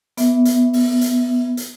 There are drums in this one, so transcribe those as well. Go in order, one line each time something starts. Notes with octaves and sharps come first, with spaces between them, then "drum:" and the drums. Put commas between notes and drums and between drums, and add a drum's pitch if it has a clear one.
B3 E5, drum: hi-hat
drum: hi-hat
drum: open hi-hat
drum: hi-hat
drum: hi-hat